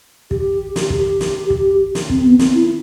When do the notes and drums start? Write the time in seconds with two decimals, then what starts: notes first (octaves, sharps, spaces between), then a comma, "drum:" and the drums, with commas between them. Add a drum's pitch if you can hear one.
0.31 G4, drum: kick
0.76 drum: snare
0.90 G4, drum: kick
1.20 drum: snare
1.50 drum: kick
1.95 drum: snare
2.10 C4, drum: kick
2.25 B3
2.39 C4, drum: snare
2.55 E4